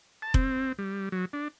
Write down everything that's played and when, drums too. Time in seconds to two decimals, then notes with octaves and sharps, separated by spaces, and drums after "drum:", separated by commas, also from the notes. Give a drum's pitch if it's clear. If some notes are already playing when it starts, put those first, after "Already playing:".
0.22 A5
0.34 C4, drum: kick F1
0.78 G3
1.12 F#3
1.33 D4